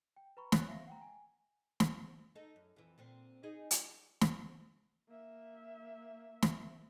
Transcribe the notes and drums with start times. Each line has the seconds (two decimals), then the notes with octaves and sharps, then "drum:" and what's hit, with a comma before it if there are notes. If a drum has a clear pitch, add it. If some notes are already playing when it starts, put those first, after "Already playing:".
0.16 G5
0.37 B4 A#5 B5 C#6
0.52 C#5 G#5 C6 C#6 F#6 A6, drum: snare
0.68 E5 F5 A#6
0.87 F#5 G5 A#5
1.02 G#5
1.80 drum: snare
2.35 D#4 A4
2.56 F#2
2.76 F2 E3
2.98 A#2 D3 C4
3.43 D#4 G#4 D#5
3.71 drum: hi-hat
4.21 drum: snare
5.09 A#3 E5
6.42 drum: snare